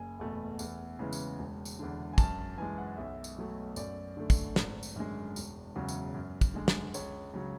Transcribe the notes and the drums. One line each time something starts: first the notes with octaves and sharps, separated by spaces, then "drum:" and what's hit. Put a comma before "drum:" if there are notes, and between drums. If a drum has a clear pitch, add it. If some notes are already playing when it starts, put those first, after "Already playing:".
Already playing: F#1 G#5
E2 B2 A3
E2, drum: tambourine
C#3 E3 G#3
drum: tambourine
E1
drum: tambourine
E2 D3
G#5
F#2 A5, drum: kick, tambourine
A5
E3 G#3 G#5
F#5
B1 E5
drum: tambourine
B2 F#3 A3
F#2 D5, drum: tambourine
D3 A3
drum: kick, tambourine
G#1, drum: snare
drum: tambourine
F#2 D3 G#3
E1, drum: tambourine
E2 C#3 F#3
drum: tambourine
F#2
drum: kick, tambourine
D3 G#3
drum: snare
C#2 C#5, drum: tambourine
C#3 F#3